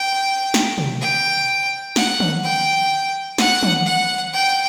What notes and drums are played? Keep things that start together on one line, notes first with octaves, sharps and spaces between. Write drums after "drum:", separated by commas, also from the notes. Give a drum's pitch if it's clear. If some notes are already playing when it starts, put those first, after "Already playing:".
Already playing: G5
drum: snare
drum: tom
G5
F#5, drum: snare
drum: tom
G5
F#5, drum: snare
drum: tom
F#5
G5